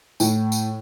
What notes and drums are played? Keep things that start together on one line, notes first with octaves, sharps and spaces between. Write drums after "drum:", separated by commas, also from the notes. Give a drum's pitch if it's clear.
A2, drum: tambourine
drum: tambourine